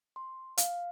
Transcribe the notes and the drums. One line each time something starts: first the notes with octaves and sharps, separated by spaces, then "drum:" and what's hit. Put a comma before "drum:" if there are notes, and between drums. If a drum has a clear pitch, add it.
C6
F5, drum: hi-hat